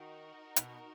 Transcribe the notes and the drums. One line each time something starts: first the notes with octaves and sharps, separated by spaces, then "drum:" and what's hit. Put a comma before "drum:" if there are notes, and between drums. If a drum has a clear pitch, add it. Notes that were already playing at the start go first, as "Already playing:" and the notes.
Already playing: D#3 D#4 F#4 A#4
B2, drum: hi-hat